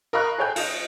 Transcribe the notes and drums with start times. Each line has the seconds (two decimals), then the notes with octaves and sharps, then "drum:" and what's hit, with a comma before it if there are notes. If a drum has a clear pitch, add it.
0.13 A#4 D#5 F5 B5 C#6 F#6
0.38 G#4 A4 C#5 G5 G#5 G6
0.56 F4 D#5, drum: cymbal